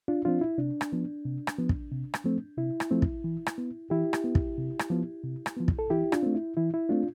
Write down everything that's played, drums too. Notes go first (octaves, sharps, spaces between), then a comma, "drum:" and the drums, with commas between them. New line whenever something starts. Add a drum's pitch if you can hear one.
D4 F4
F3 C4 D4 F4
E4
C3 D4
drum: rim click
F3 B3
C3
drum: rim click
F3 B3
drum: kick
C3
drum: rim click
F3 A3 C4
C3 E4
drum: rim click
F3 A3 C4
drum: kick
E3
drum: rim click
B3
E3 E4 G4
drum: rim click
B3
drum: kick
C3
drum: rim click
F3 B3
C3
drum: rim click
F3 B3
drum: kick
A4
E3 E4 G4
D4 F4, drum: rim click
A3 C4
E4
E3 E4
E4
A3 C4 D4 F4